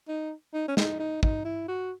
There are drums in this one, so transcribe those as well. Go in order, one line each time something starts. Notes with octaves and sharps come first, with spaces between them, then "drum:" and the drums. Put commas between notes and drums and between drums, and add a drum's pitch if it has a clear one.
D#4
D#4
C#4
D#4, drum: snare
D#4
D#4, drum: kick
E4
F#4